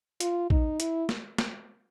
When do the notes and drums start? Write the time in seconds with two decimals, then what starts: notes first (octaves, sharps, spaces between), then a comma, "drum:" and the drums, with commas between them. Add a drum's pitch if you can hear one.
0.20 F4, drum: hi-hat
0.50 D#4, drum: kick
0.80 E4, drum: hi-hat
1.09 drum: snare
1.38 drum: snare